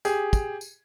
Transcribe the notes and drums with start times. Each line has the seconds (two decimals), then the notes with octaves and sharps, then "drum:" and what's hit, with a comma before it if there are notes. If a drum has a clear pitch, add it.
0.05 G4 G#4, drum: tambourine
0.33 drum: kick, tambourine
0.61 drum: tambourine